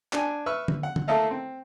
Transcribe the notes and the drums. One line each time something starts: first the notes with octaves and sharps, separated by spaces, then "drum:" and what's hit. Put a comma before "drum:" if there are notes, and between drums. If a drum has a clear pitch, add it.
D4 G#5, drum: clap
B4 E5 C#6 E6 F6
drum: tom D3
F#5
drum: tom D3
A3 A#3 E4 A4 D#5 F5
C4